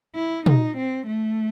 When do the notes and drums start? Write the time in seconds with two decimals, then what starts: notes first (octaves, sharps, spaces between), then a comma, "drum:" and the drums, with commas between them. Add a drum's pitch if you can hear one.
0.15 E4
0.46 D#4, drum: tom
0.77 C4
1.07 A3